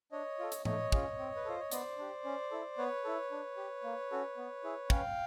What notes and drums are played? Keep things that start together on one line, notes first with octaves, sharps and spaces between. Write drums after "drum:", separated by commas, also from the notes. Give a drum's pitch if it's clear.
D4 C#5 D#5
F4 A4
drum: hi-hat
A3 C#5 D#5, drum: tom A2
C#4 F4 G#4, drum: kick
C4
B4
F4 A4 C5
C#5
B3 C5 D5, drum: hi-hat
D4 G4
C#4
E4 A4
B3 B4 C#5
E4 A4
D4
G4
A#3
C#4 F#4 A4
B3
E4 G#4
C#4 F5 G5, drum: kick